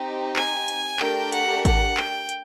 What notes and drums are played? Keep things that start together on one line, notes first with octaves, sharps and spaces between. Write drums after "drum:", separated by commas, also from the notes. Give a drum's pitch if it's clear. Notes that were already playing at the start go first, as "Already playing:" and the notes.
Already playing: C4 D#4 G4
G#5, drum: clap
drum: hi-hat
A3 D4 G4 A#4 G5, drum: clap
F#5, drum: hi-hat
F#5, drum: kick G#1, hi-hat
G5, drum: clap
drum: hi-hat